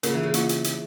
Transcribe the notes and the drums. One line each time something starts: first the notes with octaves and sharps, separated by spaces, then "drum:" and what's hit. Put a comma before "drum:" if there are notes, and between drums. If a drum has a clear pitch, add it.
C#3 A#3 F4 A#4, drum: hi-hat
E3
C#3
A#3 F4, drum: hi-hat
drum: hi-hat
drum: hi-hat